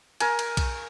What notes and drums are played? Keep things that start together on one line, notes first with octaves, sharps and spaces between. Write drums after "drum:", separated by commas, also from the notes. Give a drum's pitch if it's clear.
A#4 G#5, drum: cymbal
drum: cymbal
drum: kick B1, cymbal